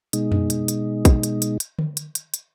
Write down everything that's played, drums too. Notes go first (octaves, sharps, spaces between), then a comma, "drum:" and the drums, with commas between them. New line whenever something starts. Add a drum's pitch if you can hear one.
B2 G#3 D#4, drum: hi-hat
drum: tom F2
drum: hi-hat
drum: hi-hat
drum: kick, hi-hat
drum: hi-hat
drum: hi-hat
drum: hi-hat
drum: tom D3
drum: hi-hat
drum: hi-hat
drum: hi-hat